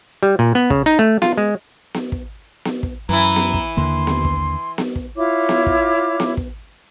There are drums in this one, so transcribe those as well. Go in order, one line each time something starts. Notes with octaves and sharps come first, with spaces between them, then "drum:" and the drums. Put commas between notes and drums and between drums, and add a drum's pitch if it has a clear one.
G3
A#2
B3
C#3, drum: kick
D#4
A3
F4, drum: snare B3
G#3
drum: snare B3
drum: kick
drum: snare B3
drum: kick
F#2 E3 E4 A#5
drum: snare B3
drum: kick
D#2 D3 A#3 C6
drum: snare B3
drum: kick
drum: snare B3
drum: kick
E4 F4 C#5 D6
drum: snare B3
drum: kick
drum: snare B3
drum: kick